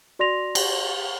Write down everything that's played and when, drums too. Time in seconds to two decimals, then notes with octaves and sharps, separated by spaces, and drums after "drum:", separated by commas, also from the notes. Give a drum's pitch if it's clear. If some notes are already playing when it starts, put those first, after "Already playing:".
0.19 F#4 D5 C6 A#6 F7
0.55 drum: cymbal